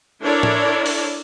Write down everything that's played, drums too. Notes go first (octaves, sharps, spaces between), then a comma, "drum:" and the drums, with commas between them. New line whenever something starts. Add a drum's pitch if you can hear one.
D4 E4 A4 A#4 C#5 D5
drum: tom A2
drum: open hi-hat